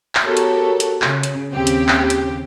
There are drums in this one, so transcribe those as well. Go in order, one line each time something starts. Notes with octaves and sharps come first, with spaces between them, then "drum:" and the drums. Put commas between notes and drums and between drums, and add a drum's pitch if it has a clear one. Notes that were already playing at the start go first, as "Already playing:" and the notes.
drum: clap
B3 F#4 G4 A4 A#4 C#5
drum: hi-hat
drum: hi-hat
C#3, drum: clap
drum: hi-hat
D#2 C#3 C4 G4
drum: hi-hat
drum: clap
drum: hi-hat